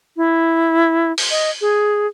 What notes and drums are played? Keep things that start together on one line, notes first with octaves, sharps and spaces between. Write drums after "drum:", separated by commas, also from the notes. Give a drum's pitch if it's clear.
E4
drum: open hi-hat
D#5
G#4